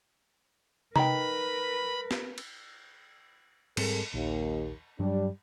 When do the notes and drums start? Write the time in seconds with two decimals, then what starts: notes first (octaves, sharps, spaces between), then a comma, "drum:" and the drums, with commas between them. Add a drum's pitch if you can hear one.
0.96 D#4 A#4 B4 G5 A#5 B5, drum: tom C3
2.11 drum: snare
2.38 drum: cymbal
3.77 G#2 G3 G#3 C4 A4 A#4, drum: cymbal
4.14 A#1 D#2
4.99 G2 F#3 G3 D4